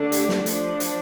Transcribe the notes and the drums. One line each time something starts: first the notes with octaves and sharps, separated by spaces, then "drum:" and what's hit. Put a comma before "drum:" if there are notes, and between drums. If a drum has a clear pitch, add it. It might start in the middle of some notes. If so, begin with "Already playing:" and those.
Already playing: D3 A3 D4
G4, drum: hi-hat
drum: snare
F3 D4, drum: hi-hat
drum: hi-hat